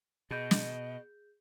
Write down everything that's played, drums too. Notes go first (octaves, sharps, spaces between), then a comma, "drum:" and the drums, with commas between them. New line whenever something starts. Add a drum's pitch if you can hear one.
B2 G#4 D#5 G6
drum: snare